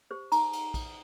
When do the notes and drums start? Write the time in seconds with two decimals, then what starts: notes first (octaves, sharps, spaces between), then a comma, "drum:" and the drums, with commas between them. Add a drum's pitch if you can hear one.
0.11 G4 C5
0.32 D#4 A#5, drum: cymbal
0.53 drum: cymbal
0.74 drum: kick A#1, cymbal